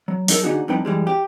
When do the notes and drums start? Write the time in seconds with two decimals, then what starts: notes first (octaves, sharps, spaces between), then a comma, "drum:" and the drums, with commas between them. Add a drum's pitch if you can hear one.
0.08 F#3
0.28 F#3 D#4 F4 A4 A#4, drum: open hi-hat
0.43 D3 F#3 A#3 D#4 F#4 G#4
0.68 F2 G3 D#4 E4 B4 G5
0.85 F#2 E3 G3 G#3
1.07 G4